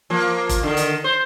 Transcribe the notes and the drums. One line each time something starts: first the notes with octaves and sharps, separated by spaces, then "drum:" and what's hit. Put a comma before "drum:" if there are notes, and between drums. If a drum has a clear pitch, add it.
F3 A#3
drum: kick F1, hi-hat
D3 D#3
drum: hi-hat
C5